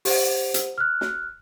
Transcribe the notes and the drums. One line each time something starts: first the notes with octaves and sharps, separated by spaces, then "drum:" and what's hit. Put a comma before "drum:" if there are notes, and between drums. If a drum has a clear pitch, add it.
G4 C5 F#5, drum: open hi-hat
drum: hi-hat
F6 F#6
drum: snare